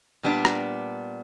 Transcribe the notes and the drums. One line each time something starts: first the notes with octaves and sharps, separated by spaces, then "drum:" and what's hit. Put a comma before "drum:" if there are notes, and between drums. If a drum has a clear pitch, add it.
A#2 G3 B3 D4
drum: rim click